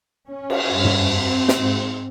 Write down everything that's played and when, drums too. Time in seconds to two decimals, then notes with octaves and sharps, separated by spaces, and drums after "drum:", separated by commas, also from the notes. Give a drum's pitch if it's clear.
0.29 C#4
0.50 drum: cymbal
0.73 G2
0.85 drum: tom
1.16 C4
1.48 drum: snare
1.59 G#2